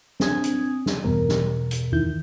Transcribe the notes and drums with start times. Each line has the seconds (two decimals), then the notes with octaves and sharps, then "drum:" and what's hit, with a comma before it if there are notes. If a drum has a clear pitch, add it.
0.20 C4 D4 G#5 D#6 G#6, drum: snare
0.44 drum: hi-hat
0.86 drum: snare
1.04 E2 G2 B2 A#4
1.29 drum: snare
1.71 drum: hi-hat
1.92 E2 D#3 E4 G6